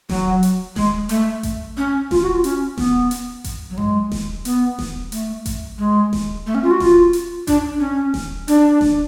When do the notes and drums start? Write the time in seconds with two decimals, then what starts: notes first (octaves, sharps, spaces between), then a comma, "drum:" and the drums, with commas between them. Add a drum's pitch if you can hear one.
0.09 F#3, drum: snare D#1
0.43 drum: hi-hat
0.76 G#3, drum: snare D#1
1.09 A3, drum: hi-hat
1.43 drum: kick A1, hi-hat
1.77 C#4
2.11 F4, drum: snare D#1
2.22 F#4
2.33 F4
2.44 C#4, drum: hi-hat
2.78 B3, drum: snare D#1
3.11 drum: hi-hat
3.44 drum: kick A1, hi-hat
3.70 F#3
3.77 G#3, drum: tom F#2
4.11 drum: snare D#1
4.45 B3, drum: hi-hat
4.79 drum: snare D#1
5.12 A3, drum: hi-hat
5.46 drum: kick A1, hi-hat
5.79 G#3
6.13 drum: snare D#1
6.47 A3
6.55 C#4
6.64 F4
6.71 F#4
6.80 F4, drum: snare D#1
7.13 drum: hi-hat
7.47 D4, drum: kick A1, hi-hat
7.80 C#4
8.14 drum: snare D#1
8.48 D4, drum: hi-hat
8.81 drum: snare D#1